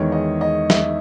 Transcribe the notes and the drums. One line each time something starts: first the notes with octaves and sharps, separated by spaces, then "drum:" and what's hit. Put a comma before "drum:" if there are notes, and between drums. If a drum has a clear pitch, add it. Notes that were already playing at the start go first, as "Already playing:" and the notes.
Already playing: E2 D#3 G#3 D#4 C#5
D#5
D#5
E5, drum: snare